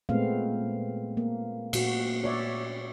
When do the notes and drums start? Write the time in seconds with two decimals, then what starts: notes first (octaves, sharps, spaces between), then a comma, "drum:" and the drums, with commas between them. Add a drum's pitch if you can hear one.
0.09 A#2 G#3 A3 B3 C4 F5
1.17 A#3
1.73 A#2 F#4, drum: cymbal
2.24 C#5 D5 E5